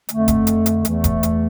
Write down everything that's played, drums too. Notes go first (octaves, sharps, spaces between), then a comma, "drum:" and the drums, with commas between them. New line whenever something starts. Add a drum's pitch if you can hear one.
F2 D3 A3, drum: hi-hat
drum: kick E1, hi-hat
drum: hi-hat
drum: hi-hat
E2 E3 A3, drum: hi-hat
drum: kick E1, hi-hat
drum: hi-hat